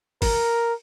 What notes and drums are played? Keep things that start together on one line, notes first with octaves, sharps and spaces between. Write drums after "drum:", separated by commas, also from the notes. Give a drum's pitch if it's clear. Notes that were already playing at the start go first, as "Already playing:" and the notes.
A#4, drum: kick, open hi-hat